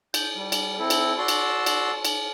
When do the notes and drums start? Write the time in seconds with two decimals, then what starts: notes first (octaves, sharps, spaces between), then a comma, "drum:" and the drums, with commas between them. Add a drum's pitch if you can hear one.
0.14 G6, drum: cymbal
0.36 G3
0.52 drum: cymbal
0.79 C4 E4 A4
0.90 drum: cymbal
1.18 F#4 D5 A5 C6 E6
1.28 drum: cymbal
1.66 drum: cymbal
2.05 drum: cymbal